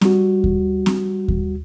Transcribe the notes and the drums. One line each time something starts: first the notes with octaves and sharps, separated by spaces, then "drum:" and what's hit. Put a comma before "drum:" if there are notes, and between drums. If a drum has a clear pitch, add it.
G3 F#4, drum: snare
drum: kick D#2
drum: snare
drum: kick D#2